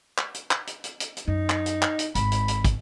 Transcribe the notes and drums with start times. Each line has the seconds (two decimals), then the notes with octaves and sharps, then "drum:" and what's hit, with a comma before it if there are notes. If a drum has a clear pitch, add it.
0.18 drum: clap
0.34 drum: hi-hat
0.51 drum: clap
0.67 drum: hi-hat
0.84 drum: hi-hat
1.00 drum: hi-hat
1.17 drum: hi-hat
1.27 F#2 D#4
1.49 drum: clap
1.66 drum: hi-hat
1.82 drum: clap
1.99 drum: hi-hat
2.15 G#1 G#3 B5, drum: hi-hat
2.32 drum: hi-hat
2.48 drum: hi-hat
2.65 drum: kick, hi-hat